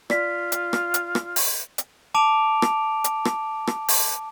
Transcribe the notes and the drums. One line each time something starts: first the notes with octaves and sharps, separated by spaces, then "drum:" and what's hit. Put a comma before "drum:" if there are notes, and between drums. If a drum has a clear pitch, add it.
F4 D5 B6, drum: rim click
drum: hi-hat
drum: rim click
drum: hi-hat
drum: rim click
drum: open hi-hat
drum: hi-hat
A5 D6 D7 F7
drum: rim click
drum: hi-hat
drum: rim click
drum: rim click
drum: open hi-hat